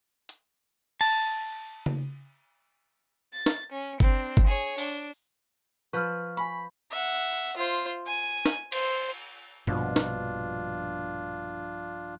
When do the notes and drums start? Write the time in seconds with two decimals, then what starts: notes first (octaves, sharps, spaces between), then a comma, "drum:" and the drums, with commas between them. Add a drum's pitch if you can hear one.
0.29 drum: hi-hat
1.01 A5, drum: cymbal
1.86 drum: tom C#3
3.33 A6
3.46 drum: snare
3.72 C#4
4.00 C4 D4, drum: kick G1
4.37 drum: kick G1
4.46 G#4 C#5
4.78 D4, drum: open hi-hat
5.93 F3 B4 C#6 F6
6.37 G#5 B5 C#6
6.92 E5 F#5
7.57 F4 C5
8.07 G#5
8.46 drum: snare
8.72 C5, drum: cymbal
9.67 A#1 G2 B2 F3 D4 F4, drum: tom G2
9.96 drum: snare